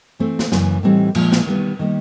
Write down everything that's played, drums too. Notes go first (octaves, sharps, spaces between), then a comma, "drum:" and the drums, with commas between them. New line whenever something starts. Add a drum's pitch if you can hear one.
E3 A3 C4
drum: snare
F#2 C#3 E3, drum: snare
A2 E3 G3 C4 D#4
A#2 F3 G#3, drum: cymbal
drum: snare
D#3 G3 B3
D#3 G3 A#3